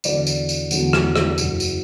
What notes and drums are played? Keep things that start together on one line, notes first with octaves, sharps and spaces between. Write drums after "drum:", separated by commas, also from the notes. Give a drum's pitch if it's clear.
E2 D3 F#3 D5, drum: tambourine
drum: tambourine
drum: tambourine
E2 D3 F#3, drum: tambourine
drum: rim click
drum: rim click
F#1 F#2 F#3, drum: tambourine
drum: tambourine